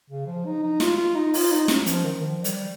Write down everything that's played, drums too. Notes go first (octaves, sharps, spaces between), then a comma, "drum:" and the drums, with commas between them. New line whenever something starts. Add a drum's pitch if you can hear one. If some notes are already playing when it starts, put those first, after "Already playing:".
C#3
F3
D#4
D#4
F4, drum: snare
F4
D#4
F4, drum: open hi-hat
D#4
C#4, drum: snare
F3, drum: hi-hat
D#3
F3
G3, drum: hi-hat